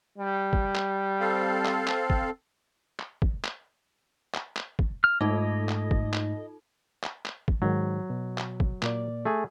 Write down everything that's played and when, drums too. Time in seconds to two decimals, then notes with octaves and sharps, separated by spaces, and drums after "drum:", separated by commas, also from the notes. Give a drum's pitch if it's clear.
0.18 G3
0.53 drum: kick
0.75 drum: clap
1.20 C4 A4 F5
1.65 drum: clap
1.87 drum: clap
2.10 drum: kick
2.99 drum: clap
3.22 drum: kick
3.44 drum: clap
4.34 drum: clap
4.56 drum: clap
4.79 drum: kick
5.04 F6
5.21 G#2 A3 D#4 F4 A4 D#5
5.69 drum: clap
5.91 drum: kick
6.13 drum: clap
7.03 drum: clap
7.25 drum: clap
7.48 drum: kick
7.62 G#2 D#3 F#3
8.10 B2
8.38 drum: clap
8.60 drum: kick
8.82 A#2 A#3 D5, drum: clap
9.25 A3 G#4